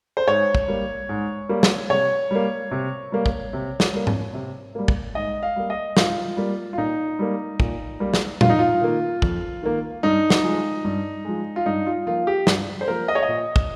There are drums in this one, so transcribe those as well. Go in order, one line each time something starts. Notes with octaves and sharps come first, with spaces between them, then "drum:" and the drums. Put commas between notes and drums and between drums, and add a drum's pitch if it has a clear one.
C5
G#2 C#5
drum: kick
G3 A#3
G#2
G3 A#3
drum: snare
C3 C#5
G3 A#3
C3
G3 A#3
drum: kick
C3
drum: snare
G3 A#3
drum: tom G#2
C3
G3 A#3
drum: kick
G#2 D#5
F5
G3 A#3
D#5
G#2 F4, drum: snare
G3 A#3
F4
A#2 D#4
G3 A#3
A#2, drum: kick
G3 A#3
drum: snare
F2 F4, drum: tom A#2
D#4
F4
D#3 A#3
F2, drum: kick
D#3 A#3
G2 D#4
drum: snare
F3 G#3
G2
F3 G#3
F4
G2 D#4
F4
F3 A#3 F4
G4
G2, drum: snare
C5
F3 A#3 A#4
D#5
C#5
D#5
A#2
drum: kick